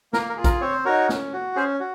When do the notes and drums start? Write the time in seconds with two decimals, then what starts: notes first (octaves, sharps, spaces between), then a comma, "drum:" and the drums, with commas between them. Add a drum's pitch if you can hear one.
0.13 A#3 A#4, drum: snare
0.29 A#4
0.37 F4 G#4
0.44 A#4, drum: kick, hi-hat
0.61 C4 C#5
0.72 C5
0.85 D#4 F#4 A#4 C#5
1.09 C#4, drum: snare
1.33 F#4
1.56 C#4 G#4 C5
1.80 F#4